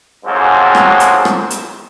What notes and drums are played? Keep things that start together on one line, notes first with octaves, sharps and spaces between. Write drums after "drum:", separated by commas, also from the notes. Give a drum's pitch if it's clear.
F2 G#2 F#3 A#3 C4 G#4
drum: rim click
drum: hi-hat
drum: rim click
drum: hi-hat